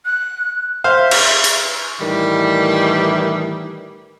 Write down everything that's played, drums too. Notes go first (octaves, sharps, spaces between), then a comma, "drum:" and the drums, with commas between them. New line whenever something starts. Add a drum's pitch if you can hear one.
F#6
C5 E5 F5
drum: cymbal
drum: open hi-hat
A2 D#3 E3 G3